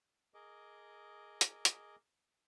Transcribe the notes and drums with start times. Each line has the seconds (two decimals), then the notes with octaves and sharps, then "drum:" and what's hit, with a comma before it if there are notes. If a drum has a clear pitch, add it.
0.34 G#4 A#4 D#5 D6
1.41 drum: hi-hat
1.65 drum: hi-hat